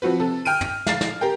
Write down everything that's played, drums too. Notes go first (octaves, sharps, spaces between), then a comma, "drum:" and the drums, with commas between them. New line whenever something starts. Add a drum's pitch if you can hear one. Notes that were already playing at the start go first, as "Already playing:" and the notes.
F3 C4 F#4 B4
C3 A4
G5 F6 D7 D#7, drum: open hi-hat
drum: tom
F5 A6 C7, drum: snare
drum: snare
G4 A#4 G5